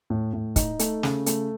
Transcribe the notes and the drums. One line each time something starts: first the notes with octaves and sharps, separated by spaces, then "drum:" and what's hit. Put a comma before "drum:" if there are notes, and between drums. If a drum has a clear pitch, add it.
A2
A2
D#4, drum: kick, hi-hat
A3, drum: hi-hat
C#3, drum: snare
A3, drum: hi-hat